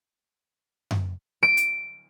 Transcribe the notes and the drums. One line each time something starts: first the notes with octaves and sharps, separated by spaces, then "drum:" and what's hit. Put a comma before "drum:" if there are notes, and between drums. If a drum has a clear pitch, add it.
drum: tom F#2
D7
drum: hi-hat